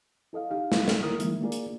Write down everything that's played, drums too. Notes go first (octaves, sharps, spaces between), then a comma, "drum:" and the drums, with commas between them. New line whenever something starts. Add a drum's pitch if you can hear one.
E4 A4 D#5 F5
D#4 G4 F5
drum: snare
drum: snare
D#3 A#3 E4 A#4 D#6 F6
D#3 E3 G3 G#3 A#3 E4, drum: hi-hat
A#3 D4 F4 G#4 A#4 D5
drum: hi-hat